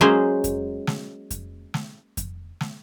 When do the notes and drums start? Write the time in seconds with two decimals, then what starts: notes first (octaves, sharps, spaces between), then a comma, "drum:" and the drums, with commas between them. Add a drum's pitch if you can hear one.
0.01 F#3 G#3 A#3 C#4 G#4 C5
0.44 drum: kick F2, hi-hat
0.87 drum: snare
1.31 drum: kick F2, hi-hat
1.74 drum: snare
2.17 drum: kick F2, hi-hat
2.61 drum: snare